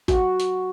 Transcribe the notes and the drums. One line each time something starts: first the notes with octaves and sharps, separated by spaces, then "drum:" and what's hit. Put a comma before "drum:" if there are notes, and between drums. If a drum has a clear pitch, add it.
F#4, drum: kick, hi-hat
drum: hi-hat